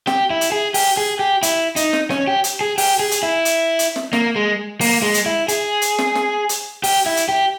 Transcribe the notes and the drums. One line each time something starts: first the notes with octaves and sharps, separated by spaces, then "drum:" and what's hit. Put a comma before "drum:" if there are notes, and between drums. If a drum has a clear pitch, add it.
G4, drum: snare
E4
drum: hi-hat
G#4
G4, drum: open hi-hat
G#4
G4
E4, drum: hi-hat
D#4, drum: hi-hat
drum: snare
C#4, drum: snare
G4
drum: hi-hat
G#4
G4, drum: open hi-hat
G#4
drum: hi-hat
E4
drum: hi-hat
drum: hi-hat
drum: snare
A#3, drum: snare
G#3
A#3, drum: open hi-hat
G#3
drum: hi-hat
E4
G#4, drum: hi-hat
drum: hi-hat
drum: snare
drum: snare
drum: hi-hat
G4, drum: open hi-hat
E4
drum: hi-hat
G4